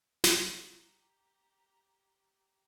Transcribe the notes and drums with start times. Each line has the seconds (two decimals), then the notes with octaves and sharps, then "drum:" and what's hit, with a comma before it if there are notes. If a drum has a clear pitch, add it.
0.24 G4 A#5, drum: snare